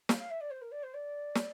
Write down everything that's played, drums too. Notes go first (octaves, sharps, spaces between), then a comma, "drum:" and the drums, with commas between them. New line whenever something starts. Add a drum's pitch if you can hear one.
F5, drum: snare
F5
E5
D5
C5
A#4
D5
C5
D5
drum: snare